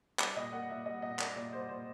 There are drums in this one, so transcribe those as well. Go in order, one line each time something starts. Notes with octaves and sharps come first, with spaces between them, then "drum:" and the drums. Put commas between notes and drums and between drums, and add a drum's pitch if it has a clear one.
G3 D5, drum: clap
A#2 D#5
A#3 F#5
A#2 E5
G3 D#5
A#2 D#5
A#3 D5, drum: clap
A#2 D5
G3 C5
A#2 C5